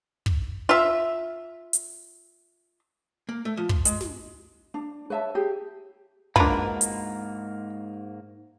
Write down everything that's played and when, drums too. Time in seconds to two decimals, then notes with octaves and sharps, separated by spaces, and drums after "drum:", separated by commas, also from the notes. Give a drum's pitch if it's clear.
0.26 drum: kick
0.69 F4 E5
1.73 drum: hi-hat
3.29 A#3
3.45 A3
3.57 F3
3.69 C6, drum: kick
3.85 G#3, drum: hi-hat
4.01 drum: snare
4.74 D4
5.10 B4 C#5 E5 A5
5.35 G4 G#4
6.36 G#2 A#3 D4 F4 F#4 A#4 B4 B5, drum: kick
6.81 drum: hi-hat